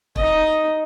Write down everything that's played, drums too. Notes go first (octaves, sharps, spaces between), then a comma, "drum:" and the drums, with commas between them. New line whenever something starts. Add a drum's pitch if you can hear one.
D#4 D#5, drum: kick